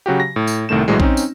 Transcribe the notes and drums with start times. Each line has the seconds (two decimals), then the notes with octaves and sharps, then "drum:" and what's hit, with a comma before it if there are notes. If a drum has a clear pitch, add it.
0.06 C#3 F#3 F#4 G4
0.20 A#6
0.36 A2
0.47 drum: tambourine
0.69 C2 A2 D#3 A3 E7
0.88 A#1 A2 E3 F#3 G#3
1.00 C4 C#4 D#4, drum: kick A#1
1.17 drum: tambourine